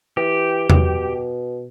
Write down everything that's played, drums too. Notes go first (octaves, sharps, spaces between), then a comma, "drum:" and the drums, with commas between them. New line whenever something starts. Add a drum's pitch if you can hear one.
E3 G4
B2, drum: tom E2